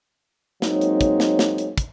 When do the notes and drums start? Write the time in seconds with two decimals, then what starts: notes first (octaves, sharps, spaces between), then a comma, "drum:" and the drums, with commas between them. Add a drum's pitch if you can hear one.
0.62 F#3 G#3 A#3 C4 D#4 C#5, drum: snare
0.81 drum: hi-hat
1.01 drum: kick, hi-hat
1.20 drum: snare
1.39 drum: snare
1.58 drum: hi-hat
1.78 drum: kick, hi-hat